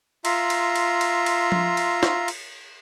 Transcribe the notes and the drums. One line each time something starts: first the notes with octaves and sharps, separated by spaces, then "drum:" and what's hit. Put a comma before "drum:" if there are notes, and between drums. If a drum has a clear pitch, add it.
F4 E5 A#5 C6, drum: cymbal
drum: cymbal
drum: cymbal
drum: cymbal
drum: cymbal
drum: tom F3
drum: cymbal
drum: snare
drum: cymbal